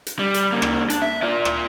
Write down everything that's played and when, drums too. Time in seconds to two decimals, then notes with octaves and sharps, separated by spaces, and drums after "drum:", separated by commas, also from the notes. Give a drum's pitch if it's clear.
0.07 drum: hi-hat
0.19 G3
0.34 drum: hi-hat
0.52 C#2 A#3
0.62 drum: rim click
0.90 D4, drum: hi-hat
1.02 E5
1.22 F4 D5
1.45 drum: rim click